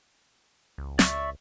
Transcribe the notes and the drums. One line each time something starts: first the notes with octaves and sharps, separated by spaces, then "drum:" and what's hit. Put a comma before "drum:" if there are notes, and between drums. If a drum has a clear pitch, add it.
C#2
D5 E5 C#6, drum: snare